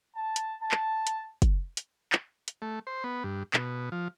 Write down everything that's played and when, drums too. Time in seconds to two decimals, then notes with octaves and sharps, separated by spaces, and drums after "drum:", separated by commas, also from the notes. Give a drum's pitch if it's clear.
0.15 A5
0.36 drum: hi-hat
0.62 A5
0.71 drum: clap
1.07 drum: hi-hat
1.42 drum: kick, hi-hat
1.77 drum: hi-hat
2.12 drum: clap
2.48 drum: hi-hat
2.62 A3
2.87 C5
3.04 B3
3.24 G2
3.54 B2, drum: clap
3.92 F3